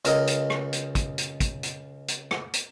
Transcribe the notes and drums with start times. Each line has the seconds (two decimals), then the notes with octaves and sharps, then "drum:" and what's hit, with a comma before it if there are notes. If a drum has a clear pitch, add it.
0.05 C#2 A#4 D#5, drum: hi-hat
0.27 drum: hi-hat
0.50 drum: rim click
0.73 drum: hi-hat
0.95 drum: kick, hi-hat
1.18 drum: hi-hat
1.40 drum: kick, hi-hat
1.63 drum: hi-hat
2.08 drum: hi-hat
2.31 drum: rim click
2.53 drum: hi-hat